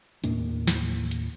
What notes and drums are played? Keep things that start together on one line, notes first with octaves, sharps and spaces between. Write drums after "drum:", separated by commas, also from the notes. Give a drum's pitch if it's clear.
D#2 A2 A#3 D4, drum: hi-hat
drum: snare
drum: hi-hat